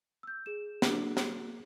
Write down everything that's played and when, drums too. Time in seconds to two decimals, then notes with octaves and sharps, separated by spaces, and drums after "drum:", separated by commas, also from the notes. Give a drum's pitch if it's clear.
0.23 E6 G6
0.46 G#4 E7
0.82 D3 F#3 A#3 D4, drum: snare
1.17 drum: snare